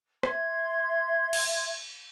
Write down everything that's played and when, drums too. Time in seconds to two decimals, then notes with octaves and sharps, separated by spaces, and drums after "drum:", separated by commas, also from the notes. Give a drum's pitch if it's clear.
0.23 E5 C6 G#6, drum: rim click
1.33 drum: cymbal